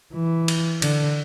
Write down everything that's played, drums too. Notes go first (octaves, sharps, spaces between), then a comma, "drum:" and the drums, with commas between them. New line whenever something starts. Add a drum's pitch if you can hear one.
E3
drum: cymbal
D3, drum: cymbal